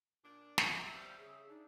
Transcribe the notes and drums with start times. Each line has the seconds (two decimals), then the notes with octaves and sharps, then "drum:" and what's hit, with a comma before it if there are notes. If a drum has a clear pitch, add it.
0.24 A#2 D4
0.58 drum: snare
0.82 E5
0.94 G3 C5 F5
1.18 C#3 G#4
1.49 D4 D#4